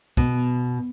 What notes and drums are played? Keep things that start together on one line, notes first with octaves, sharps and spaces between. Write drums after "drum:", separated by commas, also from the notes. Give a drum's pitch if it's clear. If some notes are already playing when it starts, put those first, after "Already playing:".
B2, drum: kick